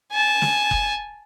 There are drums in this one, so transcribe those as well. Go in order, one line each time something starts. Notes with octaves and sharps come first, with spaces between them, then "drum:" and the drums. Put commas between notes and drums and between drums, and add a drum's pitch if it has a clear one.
G#5 A5
drum: snare
drum: kick F#1